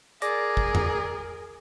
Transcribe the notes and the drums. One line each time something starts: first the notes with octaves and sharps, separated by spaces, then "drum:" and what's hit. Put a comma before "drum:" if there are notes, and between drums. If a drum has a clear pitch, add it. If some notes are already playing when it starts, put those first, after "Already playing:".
G#4 A#4 D5 D6 A#6, drum: hi-hat
drum: kick
drum: tom E2